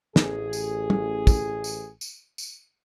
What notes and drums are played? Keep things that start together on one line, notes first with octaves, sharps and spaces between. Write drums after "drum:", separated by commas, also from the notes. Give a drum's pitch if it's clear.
A1 G#4, drum: snare
drum: tambourine
drum: tom
drum: kick, tambourine
drum: tambourine
drum: tambourine
drum: tambourine